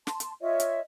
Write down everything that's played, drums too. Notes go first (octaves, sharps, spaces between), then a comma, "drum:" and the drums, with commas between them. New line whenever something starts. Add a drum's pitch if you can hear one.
A5 C6, drum: snare
drum: hi-hat
F4 C#5 D#5 E5
drum: hi-hat